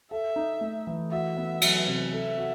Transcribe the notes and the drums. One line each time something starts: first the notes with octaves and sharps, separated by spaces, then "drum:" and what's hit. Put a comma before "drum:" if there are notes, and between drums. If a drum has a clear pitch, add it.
A4 E5
D#4
A3
E3
F#4 E5
B3
F#3, drum: cymbal
C3
A4 E5
F#4